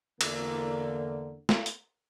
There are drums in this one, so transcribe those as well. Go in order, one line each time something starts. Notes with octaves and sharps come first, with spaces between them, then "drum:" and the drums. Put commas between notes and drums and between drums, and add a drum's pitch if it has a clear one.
E2 D3 A#3, drum: cymbal
drum: snare
drum: hi-hat